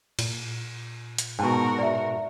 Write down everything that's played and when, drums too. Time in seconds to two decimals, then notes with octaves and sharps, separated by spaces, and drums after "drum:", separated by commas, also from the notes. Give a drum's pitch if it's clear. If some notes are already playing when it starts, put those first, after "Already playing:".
0.19 A#2, drum: cymbal
1.18 drum: hi-hat
1.39 G#2 B2 D4 F#4 A#4 A5
1.78 D5 E5